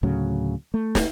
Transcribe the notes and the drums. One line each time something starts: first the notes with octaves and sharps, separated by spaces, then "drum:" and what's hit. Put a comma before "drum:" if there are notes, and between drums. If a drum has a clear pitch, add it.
D2 A2 C#3 F#3
A3
drum: snare